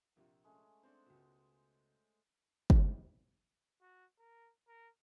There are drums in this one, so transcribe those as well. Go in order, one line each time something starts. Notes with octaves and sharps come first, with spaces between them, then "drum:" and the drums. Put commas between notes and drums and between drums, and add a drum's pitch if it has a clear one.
A#1 C3 F3
G#3 A3 C#4
C4 D4 C5 F#5
C#2 B2
drum: kick
F#4
A#4
A#4